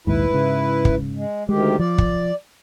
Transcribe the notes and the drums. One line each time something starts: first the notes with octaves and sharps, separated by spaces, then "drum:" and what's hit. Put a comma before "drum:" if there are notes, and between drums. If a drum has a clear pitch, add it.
A#1 D#2 G#2 E4 B4
G#2 C#3
drum: kick
G#3
D2 D#3 G#3 G4
F3 D5
drum: kick